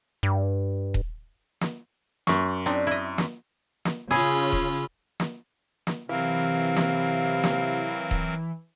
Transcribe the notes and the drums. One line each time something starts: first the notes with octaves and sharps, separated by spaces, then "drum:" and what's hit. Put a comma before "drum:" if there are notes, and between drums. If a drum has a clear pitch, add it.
G2
drum: kick D#1
drum: snare
F#2 C#6, drum: snare
C4 D4 D#4
E4 D#5
drum: snare
drum: snare
C#3 C#4 F4 G#4 B5 E6
drum: kick D#1
drum: snare
drum: snare
C3 E3 F#3 C4 A#4 F5
drum: snare
drum: snare
drum: kick D#1